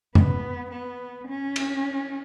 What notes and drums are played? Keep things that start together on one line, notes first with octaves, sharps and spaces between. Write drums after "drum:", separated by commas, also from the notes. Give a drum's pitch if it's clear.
B3, drum: tom F2
B3
C#4
drum: cymbal